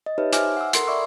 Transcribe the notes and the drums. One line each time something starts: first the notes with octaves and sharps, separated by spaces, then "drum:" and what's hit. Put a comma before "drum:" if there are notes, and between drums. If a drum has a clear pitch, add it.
D#5
D#4 G4 B4 C#5 E5
C5 E5 G#5 D6 F6, drum: hi-hat
F#5 E6
A4 A#4 C6 C7, drum: hi-hat
D5 E5 B5 C#6 D6 E6